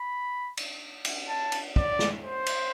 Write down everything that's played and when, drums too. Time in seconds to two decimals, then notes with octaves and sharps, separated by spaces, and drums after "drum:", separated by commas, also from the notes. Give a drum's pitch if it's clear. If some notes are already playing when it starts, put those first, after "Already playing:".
Already playing: B5
0.57 drum: cymbal
1.05 drum: cymbal
1.29 A5
1.52 drum: cymbal
1.76 D5, drum: kick
1.99 drum: snare
2.23 C5
2.46 drum: cymbal